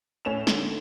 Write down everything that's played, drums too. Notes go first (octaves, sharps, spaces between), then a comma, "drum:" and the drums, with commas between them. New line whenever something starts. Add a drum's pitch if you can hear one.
A2 C#4 E7 F7
D3, drum: snare